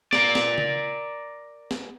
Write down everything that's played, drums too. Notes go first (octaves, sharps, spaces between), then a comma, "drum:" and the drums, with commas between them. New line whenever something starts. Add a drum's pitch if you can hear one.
A#4 D5, drum: snare
drum: snare
drum: tom C#3
drum: snare